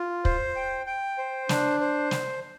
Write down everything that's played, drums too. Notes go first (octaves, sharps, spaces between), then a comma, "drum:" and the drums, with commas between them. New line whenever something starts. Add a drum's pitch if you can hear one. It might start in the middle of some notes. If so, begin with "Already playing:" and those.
Already playing: F4
C5, drum: kick
G5
G5
C5
D4, drum: snare
C5
drum: snare